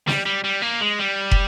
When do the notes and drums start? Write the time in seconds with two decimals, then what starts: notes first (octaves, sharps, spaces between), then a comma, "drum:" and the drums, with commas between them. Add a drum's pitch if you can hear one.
0.07 G3, drum: snare
0.25 G3
0.44 G3
0.62 A#3
0.81 G#3
0.99 G3
1.31 drum: kick